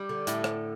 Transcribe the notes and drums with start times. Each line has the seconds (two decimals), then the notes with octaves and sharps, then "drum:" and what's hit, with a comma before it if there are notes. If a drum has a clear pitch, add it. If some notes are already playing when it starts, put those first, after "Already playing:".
Already playing: G3
0.09 D3
0.27 A2, drum: hi-hat
0.44 drum: rim click